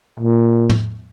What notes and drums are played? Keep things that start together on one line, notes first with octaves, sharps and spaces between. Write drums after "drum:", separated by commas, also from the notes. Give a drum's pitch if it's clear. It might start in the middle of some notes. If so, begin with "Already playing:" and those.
A#2
drum: tom